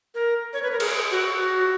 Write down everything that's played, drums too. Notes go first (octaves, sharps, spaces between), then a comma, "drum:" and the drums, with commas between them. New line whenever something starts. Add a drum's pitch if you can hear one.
A#4
C#5
B4
A#4
G#4, drum: cymbal
F#4